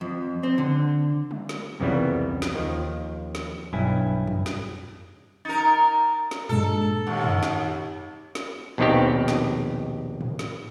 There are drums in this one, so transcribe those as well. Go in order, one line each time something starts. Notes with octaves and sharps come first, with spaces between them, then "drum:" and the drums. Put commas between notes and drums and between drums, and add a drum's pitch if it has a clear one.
F2
C4
D3
drum: tom F#3
drum: snare
C2 F2 C#3 E3 G3 B3
drum: snare
D#2 D#3 F3
drum: snare
B1 G2 E4 G#5
drum: tom
drum: snare
D#4 A#4 A6
drum: snare
G2 A#2 G#3 A4
D#2 F#5 A5 C#6
drum: tom
drum: snare
drum: snare
A#1 D#2 B2 D#3 C4 G4
drum: snare
drum: tom
drum: snare